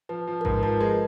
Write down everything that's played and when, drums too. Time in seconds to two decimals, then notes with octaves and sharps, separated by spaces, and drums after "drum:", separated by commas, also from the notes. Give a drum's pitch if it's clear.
0.09 F3 B4
0.27 F3
0.41 A#4
0.45 G#2 B4, drum: kick A1
0.63 F3 A#4
0.80 G#3 B4